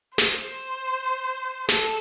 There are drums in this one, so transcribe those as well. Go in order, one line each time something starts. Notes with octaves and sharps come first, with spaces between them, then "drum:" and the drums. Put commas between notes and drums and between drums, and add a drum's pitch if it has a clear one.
C5, drum: snare
A4, drum: snare